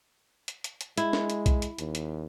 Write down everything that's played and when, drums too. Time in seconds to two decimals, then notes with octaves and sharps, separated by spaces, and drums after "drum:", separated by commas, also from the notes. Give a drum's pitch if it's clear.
0.48 drum: hi-hat
0.64 drum: hi-hat
0.81 drum: hi-hat
0.97 G#3 E4, drum: hi-hat
1.13 drum: snare
1.30 drum: hi-hat
1.46 drum: kick, hi-hat
1.62 drum: hi-hat
1.78 D#2, drum: hi-hat
1.95 drum: hi-hat